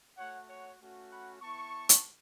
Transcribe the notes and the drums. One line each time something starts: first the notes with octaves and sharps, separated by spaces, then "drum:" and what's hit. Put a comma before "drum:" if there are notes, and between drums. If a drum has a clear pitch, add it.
A3 F#4 C#5 F#5
C#5 F#5
A3 C#4 F#4
F#5 B5
B3 E4 A5 C#6
drum: hi-hat